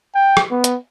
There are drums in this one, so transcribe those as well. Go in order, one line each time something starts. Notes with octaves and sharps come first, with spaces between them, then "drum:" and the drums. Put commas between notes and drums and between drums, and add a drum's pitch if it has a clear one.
G5
drum: rim click
B3
drum: hi-hat